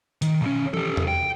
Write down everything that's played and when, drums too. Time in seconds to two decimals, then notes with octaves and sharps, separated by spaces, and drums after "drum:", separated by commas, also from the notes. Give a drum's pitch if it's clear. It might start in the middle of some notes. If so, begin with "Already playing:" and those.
0.22 D#3, drum: hi-hat
0.42 B1 C#4
0.74 G4 A4, drum: tom E3
0.97 drum: tom E2
1.08 G5